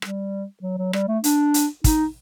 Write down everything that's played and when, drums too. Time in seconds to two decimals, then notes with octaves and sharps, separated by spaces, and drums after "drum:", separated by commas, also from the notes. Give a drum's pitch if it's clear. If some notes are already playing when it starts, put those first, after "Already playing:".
0.02 G3, drum: rim click
0.63 F#3
0.78 F#3
0.93 G3, drum: rim click
1.08 A3
1.24 D4, drum: hi-hat
1.54 drum: hi-hat
1.84 D#4, drum: kick, hi-hat